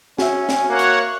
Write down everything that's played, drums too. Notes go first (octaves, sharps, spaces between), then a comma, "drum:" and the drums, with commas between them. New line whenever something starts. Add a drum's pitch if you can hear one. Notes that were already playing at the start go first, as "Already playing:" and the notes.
C#4 F#4 E5, drum: snare
drum: snare
A#3 C#5 F#5
drum: hi-hat